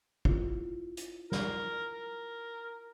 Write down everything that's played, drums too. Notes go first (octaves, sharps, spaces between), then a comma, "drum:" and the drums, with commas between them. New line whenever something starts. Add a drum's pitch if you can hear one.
E4 F4, drum: kick
drum: hi-hat
A#4, drum: snare
A#4